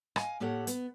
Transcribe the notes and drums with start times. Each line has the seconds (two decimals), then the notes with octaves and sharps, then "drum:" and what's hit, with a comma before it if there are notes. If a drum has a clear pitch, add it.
0.16 D#5 F5 G#5, drum: rim click
0.40 A2 A#3 G4 A4 C#5 F#5
0.67 B3, drum: hi-hat